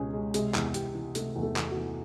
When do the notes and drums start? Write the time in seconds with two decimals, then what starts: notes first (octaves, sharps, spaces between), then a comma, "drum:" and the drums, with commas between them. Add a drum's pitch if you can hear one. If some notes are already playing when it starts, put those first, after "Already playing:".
Already playing: C#2 B2 G#3 C#4 G4 G#4
0.13 G#3
0.34 C3 G#3 G#4, drum: hi-hat
0.54 E2, drum: clap
0.74 E2 G4, drum: hi-hat
0.95 E3
1.15 C3 A3 A4, drum: hi-hat
1.36 E2
1.43 A3 A4
1.56 E2, drum: clap
1.71 F#4
1.76 E3